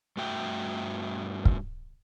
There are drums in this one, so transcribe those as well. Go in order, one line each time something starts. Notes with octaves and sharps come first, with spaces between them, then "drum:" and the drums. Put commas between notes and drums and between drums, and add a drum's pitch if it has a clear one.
G2 A3 F#4 E5 G5
drum: kick